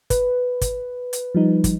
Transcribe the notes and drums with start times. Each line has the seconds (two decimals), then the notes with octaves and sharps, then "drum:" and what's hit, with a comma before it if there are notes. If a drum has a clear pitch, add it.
0.10 B4, drum: kick, hi-hat
0.61 drum: kick, hi-hat
1.13 drum: hi-hat
1.35 F3 G3 D#4
1.64 drum: kick, hi-hat